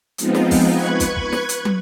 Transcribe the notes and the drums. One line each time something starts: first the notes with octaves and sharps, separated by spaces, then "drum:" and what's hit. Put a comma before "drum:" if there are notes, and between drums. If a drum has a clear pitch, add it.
F3 G#3 B3 C4 D#4 F4, drum: hi-hat
drum: snare
drum: kick, open hi-hat
B4 C#6 F#6 G#6
drum: kick, hi-hat
drum: kick
drum: snare
drum: hi-hat
drum: tom